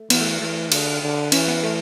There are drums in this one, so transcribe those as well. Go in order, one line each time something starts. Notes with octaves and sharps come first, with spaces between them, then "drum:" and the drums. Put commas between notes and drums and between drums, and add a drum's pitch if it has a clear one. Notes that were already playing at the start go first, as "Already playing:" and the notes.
Already playing: A3
E3 B3, drum: cymbal
A3
E3 A3
D3, drum: cymbal
D3
E3 C#4, drum: cymbal
B3
A3